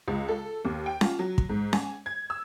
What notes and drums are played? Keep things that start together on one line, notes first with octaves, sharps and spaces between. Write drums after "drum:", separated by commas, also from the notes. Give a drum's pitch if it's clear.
C#2
A4
D#2
G5
F4, drum: snare C#4
F#3
drum: kick
G#2
G#5, drum: snare C#4
G#6
E6